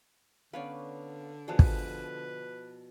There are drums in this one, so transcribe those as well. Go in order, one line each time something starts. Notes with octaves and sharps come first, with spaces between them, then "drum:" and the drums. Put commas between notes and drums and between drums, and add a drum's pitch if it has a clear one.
D3 B3 C#4 B4 C#5 D5 F5
B2 F3 G#4 B4 D5 A5 F#6
drum: kick